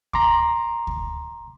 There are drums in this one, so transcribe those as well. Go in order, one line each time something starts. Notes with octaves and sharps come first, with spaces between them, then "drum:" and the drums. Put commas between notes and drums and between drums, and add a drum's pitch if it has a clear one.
A#5 C6 D6, drum: kick D2
drum: kick D2